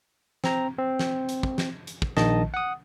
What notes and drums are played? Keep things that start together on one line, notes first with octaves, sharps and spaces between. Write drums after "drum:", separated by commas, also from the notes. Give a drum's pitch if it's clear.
C4 A#5, drum: snare
C4
drum: snare
drum: hi-hat
drum: kick
drum: snare
drum: hi-hat
drum: kick
A#1 D#3 D#5 A5, drum: snare
F#5 D#6